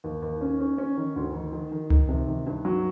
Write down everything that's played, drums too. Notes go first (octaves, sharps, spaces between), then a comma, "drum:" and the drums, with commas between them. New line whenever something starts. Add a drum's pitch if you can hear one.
D#2
D#2
C#4
C#4
C#4
D#3
D2
D#3
D#3
D#3
D#3, drum: tom C#2
C3
D#3
G2
F#3